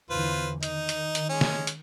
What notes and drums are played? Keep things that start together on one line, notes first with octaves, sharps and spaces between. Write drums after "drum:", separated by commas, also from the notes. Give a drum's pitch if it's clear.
E2 D3 E3 F4 B4 C5
D#3 D#4, drum: hi-hat
drum: hi-hat
drum: hi-hat
G#3 C#4
drum: snare
drum: hi-hat